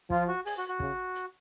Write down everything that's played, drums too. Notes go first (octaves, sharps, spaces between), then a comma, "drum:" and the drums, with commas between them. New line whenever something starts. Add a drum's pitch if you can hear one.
F3 F4, drum: kick
F#4
G#4, drum: open hi-hat
F#4
F#4
C#3, drum: kick
drum: hi-hat